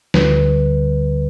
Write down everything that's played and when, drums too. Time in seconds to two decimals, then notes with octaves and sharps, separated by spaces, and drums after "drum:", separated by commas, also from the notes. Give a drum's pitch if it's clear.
0.14 D2 D3 G3 B4, drum: snare